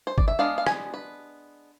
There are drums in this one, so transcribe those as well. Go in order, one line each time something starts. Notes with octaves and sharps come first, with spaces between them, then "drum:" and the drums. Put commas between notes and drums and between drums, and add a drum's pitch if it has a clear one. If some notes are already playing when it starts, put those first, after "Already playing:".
C5
D5, drum: kick
E5
G#3 B3 D4 F5
F5
G#5, drum: rim click
B4